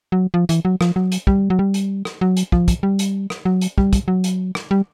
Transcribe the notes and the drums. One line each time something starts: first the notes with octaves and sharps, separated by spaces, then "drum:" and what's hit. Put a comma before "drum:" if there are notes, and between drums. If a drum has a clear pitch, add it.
F#3
F3
E3, drum: hi-hat
F#3
F3, drum: rim click
F#3
drum: hi-hat
G3, drum: kick
F#3
G3
drum: hi-hat
drum: rim click
F#3
drum: hi-hat
F3, drum: kick
drum: kick, hi-hat
G3
drum: hi-hat
drum: rim click
F#3
drum: hi-hat
G3, drum: kick
drum: kick, hi-hat
F#3
drum: hi-hat
drum: rim click
G3